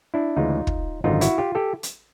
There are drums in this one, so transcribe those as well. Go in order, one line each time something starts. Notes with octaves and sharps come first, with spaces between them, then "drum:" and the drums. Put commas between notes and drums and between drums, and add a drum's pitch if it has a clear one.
D4 E4
D2 C#3 E3 G#3 D#4 F4
drum: kick
G#1 F#2 D3 D#4 F4
E4 F#4, drum: hi-hat
F4 G4
G4 A4
drum: hi-hat